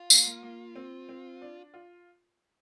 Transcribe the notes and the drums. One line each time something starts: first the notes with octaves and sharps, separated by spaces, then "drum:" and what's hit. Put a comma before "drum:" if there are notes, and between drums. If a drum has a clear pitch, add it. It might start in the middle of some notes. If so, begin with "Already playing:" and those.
Already playing: F4
A#3, drum: tambourine
A#3
A#3
C4
C4
D4
F4